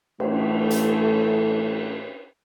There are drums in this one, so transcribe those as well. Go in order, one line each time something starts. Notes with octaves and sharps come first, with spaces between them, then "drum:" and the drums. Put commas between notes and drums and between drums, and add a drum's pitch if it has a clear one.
A2 E3 A3, drum: cymbal
drum: hi-hat